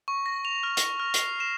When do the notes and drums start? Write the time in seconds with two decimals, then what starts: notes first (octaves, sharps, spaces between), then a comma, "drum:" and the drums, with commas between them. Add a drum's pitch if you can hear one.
0.08 C#6
0.26 A#6
0.45 F7
0.63 F6
0.77 A#6, drum: hi-hat
1.00 F6
1.14 C7, drum: hi-hat
1.40 E7